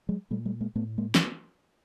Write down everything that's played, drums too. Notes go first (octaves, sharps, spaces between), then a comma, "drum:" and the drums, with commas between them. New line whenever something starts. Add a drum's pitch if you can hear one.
F#3 G#3
A#2 G3 A3
G3 A3
G#3 A#3
A2 A3 B3
G#3 A#3
drum: snare